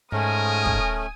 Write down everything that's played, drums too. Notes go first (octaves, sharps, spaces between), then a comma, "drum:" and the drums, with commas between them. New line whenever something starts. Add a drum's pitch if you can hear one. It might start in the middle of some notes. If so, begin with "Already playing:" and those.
G#2 A3 C#4 A#4 G#5 D#6
drum: kick